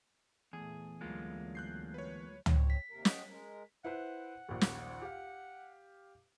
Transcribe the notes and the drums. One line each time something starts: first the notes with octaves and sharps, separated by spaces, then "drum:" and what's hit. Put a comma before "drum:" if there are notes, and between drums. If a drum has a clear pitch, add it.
E2 A#2 A3 G#4
D2 F#3 G#3 A#3 F4
F#6 G6 C7
B4 C#5
C4 C#5, drum: tom C#2
B6
D#2 C3 A#4
D#5 F#5 G5, drum: snare
G#3 A#4
E4 B4 C5 F#5
A#1 D#2
drum: snare
G4 F5